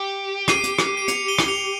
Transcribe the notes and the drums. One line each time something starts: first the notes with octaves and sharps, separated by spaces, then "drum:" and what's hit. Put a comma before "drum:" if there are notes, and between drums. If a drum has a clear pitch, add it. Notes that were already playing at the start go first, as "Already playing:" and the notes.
Already playing: G4 C#7
C7 D#7, drum: rim click
drum: hi-hat
drum: rim click
D#7
C#7 F7, drum: hi-hat
D#7 G7
drum: rim click
C#7 F7